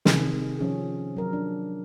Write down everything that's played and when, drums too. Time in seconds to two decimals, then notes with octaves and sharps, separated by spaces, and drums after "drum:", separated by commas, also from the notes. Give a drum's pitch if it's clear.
0.05 C3 D#3 G#4, drum: snare
0.59 F3 C#4 G#4
1.17 F#3 A#4
1.33 D4